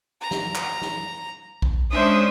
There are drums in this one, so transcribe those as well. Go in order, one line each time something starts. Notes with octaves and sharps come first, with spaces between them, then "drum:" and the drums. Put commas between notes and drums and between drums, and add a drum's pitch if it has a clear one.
A#5
drum: snare
drum: clap
drum: snare
drum: kick A#1
G#3 C#4 D4 C5 E5 D#6